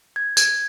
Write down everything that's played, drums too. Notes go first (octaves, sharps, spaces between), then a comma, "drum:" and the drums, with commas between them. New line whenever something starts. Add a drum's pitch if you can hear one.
G#6
G#6, drum: tambourine